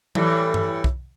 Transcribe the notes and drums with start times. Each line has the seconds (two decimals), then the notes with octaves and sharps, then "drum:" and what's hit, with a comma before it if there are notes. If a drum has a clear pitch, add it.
0.15 A2 E3 G3, drum: tom F#3
0.54 drum: tom G2
0.84 drum: kick B1